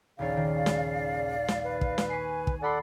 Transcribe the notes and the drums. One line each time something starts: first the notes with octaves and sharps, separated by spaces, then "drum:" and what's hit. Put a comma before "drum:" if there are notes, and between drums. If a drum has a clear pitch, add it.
A#1 D#2 C#3 C#5 D5 F5
D#3
drum: snare
drum: snare
B4
drum: kick
drum: snare
G#5 C#6 B6 C7
drum: kick
A4 D5 F#5 A5 B5 C6